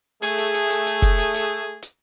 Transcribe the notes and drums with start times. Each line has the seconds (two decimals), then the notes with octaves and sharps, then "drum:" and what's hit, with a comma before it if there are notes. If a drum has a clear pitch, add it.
0.22 A3 G#4, drum: hi-hat
0.38 drum: hi-hat
0.54 drum: hi-hat
0.70 drum: hi-hat
0.86 drum: hi-hat
1.02 drum: kick F1, hi-hat
1.18 drum: hi-hat
1.34 drum: hi-hat
1.82 drum: hi-hat